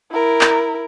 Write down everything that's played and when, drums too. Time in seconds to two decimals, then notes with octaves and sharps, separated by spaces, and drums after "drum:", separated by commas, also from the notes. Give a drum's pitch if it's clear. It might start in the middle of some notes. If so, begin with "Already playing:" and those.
0.12 E4 A#4
0.41 drum: clap